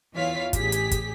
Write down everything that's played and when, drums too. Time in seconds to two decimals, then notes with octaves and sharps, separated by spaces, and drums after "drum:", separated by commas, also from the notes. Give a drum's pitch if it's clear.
0.14 E2 E3 F4 C#5 F5 B6
0.53 A1 G4 G#4 B6, drum: kick, hi-hat
0.72 drum: hi-hat
0.91 drum: kick, hi-hat